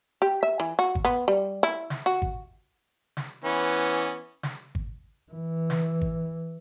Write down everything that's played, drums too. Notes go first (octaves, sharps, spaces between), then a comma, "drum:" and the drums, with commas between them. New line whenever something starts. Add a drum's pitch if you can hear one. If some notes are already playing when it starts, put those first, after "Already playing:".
G4
E5
E3
F#4
drum: kick G#1
B3
G3
E4
drum: snare
F#4
drum: kick G#1
drum: snare
E3 B3 C#4
drum: snare
drum: kick G#1
E3
drum: snare
drum: kick G#1